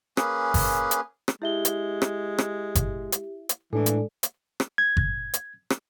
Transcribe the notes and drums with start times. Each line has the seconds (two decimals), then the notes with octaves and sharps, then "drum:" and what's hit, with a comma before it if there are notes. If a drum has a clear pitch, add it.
0.17 A#3 C#4 G#4 B4, drum: rim click
0.54 drum: kick G1, open hi-hat
0.91 drum: hi-hat
1.28 drum: rim click
1.42 G#3 E4 G4 E5 G7
1.65 drum: hi-hat
2.02 drum: rim click
2.38 drum: rim click
2.75 drum: kick G1, hi-hat
3.12 drum: hi-hat
3.49 drum: hi-hat
3.73 A2 E3 G#3 D4 A4 D5
3.86 drum: hi-hat
4.23 drum: hi-hat
4.60 drum: rim click
4.78 G#6
4.97 drum: kick G1
5.34 drum: hi-hat
5.70 drum: rim click